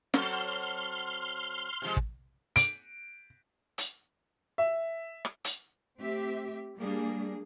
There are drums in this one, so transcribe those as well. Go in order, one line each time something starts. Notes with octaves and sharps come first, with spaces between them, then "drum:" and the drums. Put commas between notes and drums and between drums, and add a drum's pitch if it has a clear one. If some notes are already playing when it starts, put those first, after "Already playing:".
F#3 C4 A4 C6 F6, drum: snare
C3 F3 G#3
drum: kick
D7, drum: hi-hat
drum: hi-hat
E5
drum: rim click
drum: hi-hat
A3 C4 G4 E5
G3 A#3 D4 G#4